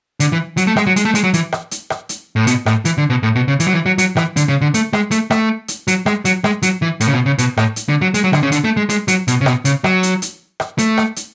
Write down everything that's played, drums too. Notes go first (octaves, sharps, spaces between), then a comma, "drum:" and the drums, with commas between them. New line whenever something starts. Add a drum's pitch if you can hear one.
D3, drum: hi-hat
E3
F#3, drum: hi-hat
A3
G#3, drum: rim click
F#3
G#3, drum: hi-hat
A3
G#3, drum: hi-hat
F#3
E3, drum: hi-hat
drum: rim click
drum: hi-hat
drum: rim click
drum: hi-hat
A2
B2, drum: hi-hat
A2, drum: rim click
E3, drum: hi-hat
D3
B2
A2
B2
C#3
E3, drum: hi-hat
F#3
E3
F#3
F#3, drum: hi-hat
E3, drum: rim click
D3, drum: hi-hat
C#3
D3
A3, drum: hi-hat
G#3, drum: rim click
A3, drum: hi-hat
A3, drum: rim click
drum: hi-hat
F#3, drum: hi-hat
G#3, drum: rim click
F#3, drum: hi-hat
G#3, drum: rim click
F#3, drum: hi-hat
E3
A2, drum: hi-hat
C#3
B2
C#3
B2, drum: hi-hat
A2, drum: rim click
drum: hi-hat
D3
F#3
G#3, drum: hi-hat
F#3
D3, drum: rim click
C#3
D3, drum: hi-hat
A3
G#3
G#3, drum: hi-hat
F#3, drum: hi-hat
B2, drum: hi-hat
C#3
B2, drum: rim click
C#3, drum: hi-hat
F#3, drum: rim click
drum: hi-hat
drum: hi-hat
drum: rim click
A3, drum: hi-hat
drum: rim click
drum: hi-hat